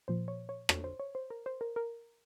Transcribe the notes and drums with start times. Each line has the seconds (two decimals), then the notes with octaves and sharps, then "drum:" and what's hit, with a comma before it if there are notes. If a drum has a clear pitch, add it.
0.08 A#2 F3 C5
0.28 C#5
0.49 C#5
0.69 C#5, drum: rim click
0.84 C5
1.00 C#5
1.15 C5
1.30 A#4
1.46 C5
1.61 A#4
1.76 A#4